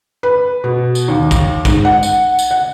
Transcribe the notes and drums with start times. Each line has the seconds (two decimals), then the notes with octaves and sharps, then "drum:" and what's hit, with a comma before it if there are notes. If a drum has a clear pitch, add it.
0.23 B4
0.64 B2
0.95 drum: tambourine
1.08 D#2
1.31 drum: kick, tambourine
1.65 G#2, drum: kick, tambourine
1.85 F#5
2.03 drum: tambourine
2.39 drum: tambourine
2.51 F#5